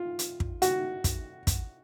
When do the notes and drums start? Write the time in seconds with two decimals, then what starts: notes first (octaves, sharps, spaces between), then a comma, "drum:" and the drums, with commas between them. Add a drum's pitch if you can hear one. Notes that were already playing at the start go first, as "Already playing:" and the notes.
Already playing: F4
0.19 drum: hi-hat
0.40 drum: kick
0.62 F#4, drum: hi-hat
1.04 drum: kick, hi-hat
1.47 drum: kick, hi-hat